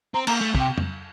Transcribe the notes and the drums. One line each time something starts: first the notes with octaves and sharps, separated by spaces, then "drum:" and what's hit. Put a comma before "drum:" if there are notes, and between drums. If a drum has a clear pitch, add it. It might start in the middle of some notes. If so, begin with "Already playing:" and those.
C4 A#5
A#3 A#5, drum: cymbal
A3
C3, drum: kick
G5
drum: tom